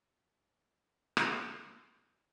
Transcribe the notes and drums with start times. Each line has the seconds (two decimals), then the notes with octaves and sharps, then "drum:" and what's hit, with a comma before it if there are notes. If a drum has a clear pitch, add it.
0.11 C#3 C#4 D#4
1.17 drum: rim click